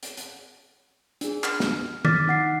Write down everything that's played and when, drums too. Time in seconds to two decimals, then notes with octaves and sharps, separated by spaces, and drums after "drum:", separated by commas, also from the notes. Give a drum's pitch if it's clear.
0.03 drum: hi-hat
0.17 drum: hi-hat
1.21 D4 G#4, drum: hi-hat
1.44 F6, drum: clap
1.60 drum: snare
2.05 D6 F6 A6 B6, drum: tom D#3
2.27 D#4 F#5 C7